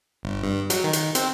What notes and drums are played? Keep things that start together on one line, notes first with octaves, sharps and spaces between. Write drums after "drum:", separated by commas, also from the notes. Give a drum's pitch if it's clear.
G1
G2
F#3, drum: hi-hat
D#3
drum: hi-hat
C4, drum: hi-hat